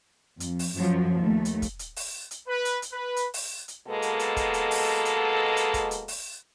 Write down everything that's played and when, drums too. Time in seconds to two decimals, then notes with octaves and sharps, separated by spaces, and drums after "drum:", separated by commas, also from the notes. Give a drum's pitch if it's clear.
0.40 F2, drum: hi-hat
0.59 drum: open hi-hat
0.76 F#2 F3 F#3
1.21 D#2 A3
1.45 drum: hi-hat
1.62 drum: kick, hi-hat
1.79 drum: hi-hat
1.96 drum: open hi-hat
2.31 drum: hi-hat
2.48 B4
2.65 drum: hi-hat
2.82 drum: hi-hat
2.93 B4
3.16 drum: hi-hat
3.34 drum: open hi-hat
3.68 drum: hi-hat
3.87 B2 G#3 A#3 B3 A4
4.02 drum: hi-hat
4.19 drum: hi-hat
4.37 drum: kick, hi-hat
4.54 drum: hi-hat
4.71 drum: open hi-hat
5.05 drum: hi-hat
5.57 drum: hi-hat
5.74 drum: kick, hi-hat
5.91 drum: hi-hat
6.08 drum: open hi-hat